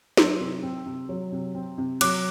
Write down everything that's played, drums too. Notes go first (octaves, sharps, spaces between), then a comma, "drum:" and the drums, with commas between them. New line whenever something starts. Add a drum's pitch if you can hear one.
F#3 C6 E6, drum: snare
C3
C4
C3
F#3
C3
C4
C3
F#3 D6 F#6, drum: cymbal